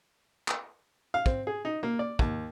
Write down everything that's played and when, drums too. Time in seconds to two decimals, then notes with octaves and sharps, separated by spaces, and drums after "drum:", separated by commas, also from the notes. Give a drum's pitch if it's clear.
0.48 drum: clap
1.14 F5
1.26 C4, drum: kick
1.47 G#4
1.65 D#4
1.83 A#3
1.99 D5
2.19 D#2, drum: kick